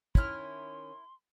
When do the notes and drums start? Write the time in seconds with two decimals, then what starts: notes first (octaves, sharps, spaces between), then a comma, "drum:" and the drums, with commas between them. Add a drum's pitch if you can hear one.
0.15 D#3 C#4 E4 C6 F6, drum: kick